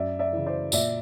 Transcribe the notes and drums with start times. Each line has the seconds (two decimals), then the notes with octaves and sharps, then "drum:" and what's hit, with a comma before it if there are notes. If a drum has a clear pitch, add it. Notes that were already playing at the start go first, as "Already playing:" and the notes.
Already playing: F#2 D5 E5
0.19 D5 E5
0.33 C#3 E3
0.46 C5 D5
0.72 A#2 D5 E5, drum: tambourine